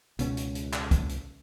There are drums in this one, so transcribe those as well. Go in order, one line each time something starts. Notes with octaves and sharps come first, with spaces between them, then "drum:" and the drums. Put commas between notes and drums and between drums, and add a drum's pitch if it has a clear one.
C#2 B2 C#4, drum: hi-hat
drum: hi-hat
drum: hi-hat
drum: clap
drum: kick, hi-hat
drum: hi-hat